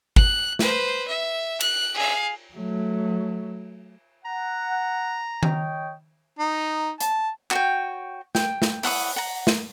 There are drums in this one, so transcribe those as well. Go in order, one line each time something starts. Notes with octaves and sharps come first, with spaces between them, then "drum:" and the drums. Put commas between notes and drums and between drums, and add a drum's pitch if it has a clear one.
F#6, drum: kick
B4 C5, drum: snare
E5
F#6, drum: cymbal
G#4 F5
F#3 A3
F#5 A#5
C#5 D#5 G5, drum: tom D#3
D#4
A5, drum: hi-hat
F#4 C#5 G5, drum: clap
G5, drum: snare
drum: snare
E4 F#5 C#6 D#6, drum: open hi-hat
F#5 A#5
drum: snare